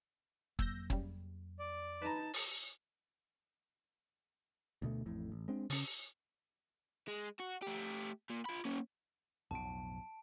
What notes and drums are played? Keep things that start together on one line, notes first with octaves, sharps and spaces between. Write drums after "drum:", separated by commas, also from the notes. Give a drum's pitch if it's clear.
F2 F#3 A#3 E6 G6 A#6, drum: kick
C#3 G3, drum: kick
D5
D#4 B4 A5 A#5
drum: open hi-hat
D2 B2 A3
A1 F2 A2
A1
G#3 C4 D4
C#3 C#4, drum: open hi-hat
G#3
F#4
A3 G4
A#2
F4 B5
A#3 C#4
B1 F2 A2 A5 D7